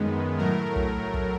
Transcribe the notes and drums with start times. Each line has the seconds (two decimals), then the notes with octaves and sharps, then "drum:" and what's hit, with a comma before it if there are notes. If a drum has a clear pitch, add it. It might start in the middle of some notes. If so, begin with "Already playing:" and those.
Already playing: F#2 D#3 G#3 B3
0.38 A2 F#3 A3 A#4
0.76 drum: kick
1.14 drum: kick